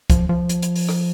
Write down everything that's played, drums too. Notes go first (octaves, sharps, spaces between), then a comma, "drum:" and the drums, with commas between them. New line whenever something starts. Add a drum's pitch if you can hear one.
F3, drum: kick C2, hi-hat
F3
drum: hi-hat
drum: hi-hat
drum: open hi-hat
drum: rim click